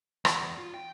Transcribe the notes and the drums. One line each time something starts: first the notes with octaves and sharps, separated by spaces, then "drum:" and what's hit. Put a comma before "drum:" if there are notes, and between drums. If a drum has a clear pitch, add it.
E2, drum: rim click
F4
G5